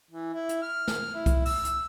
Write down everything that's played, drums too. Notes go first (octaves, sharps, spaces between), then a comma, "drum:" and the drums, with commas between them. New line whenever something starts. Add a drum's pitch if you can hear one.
E3
E4
drum: hi-hat
F6
drum: snare
E4
drum: kick C2, hi-hat
E6, drum: open hi-hat
drum: hi-hat